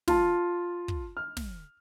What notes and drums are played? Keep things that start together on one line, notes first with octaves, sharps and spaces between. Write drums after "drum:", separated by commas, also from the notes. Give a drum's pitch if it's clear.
F4 A5, drum: snare
drum: kick
F6
drum: snare